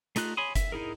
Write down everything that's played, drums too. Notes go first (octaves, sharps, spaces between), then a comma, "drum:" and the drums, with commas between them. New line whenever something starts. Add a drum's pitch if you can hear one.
A3 D#4 F4 F#6, drum: hi-hat
C#5 G#5 B5 C6 D#6
E5, drum: kick F#1, hi-hat
D#4 E4 G#4 A#4